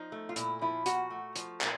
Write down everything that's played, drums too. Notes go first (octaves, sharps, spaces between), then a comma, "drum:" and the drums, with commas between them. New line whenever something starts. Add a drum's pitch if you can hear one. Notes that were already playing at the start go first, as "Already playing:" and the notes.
Already playing: F3 D#4
A3
F4
A#2 E4, drum: hi-hat
F3 E4
A#2 F#4, drum: hi-hat
A3
F3, drum: hi-hat
A#2, drum: clap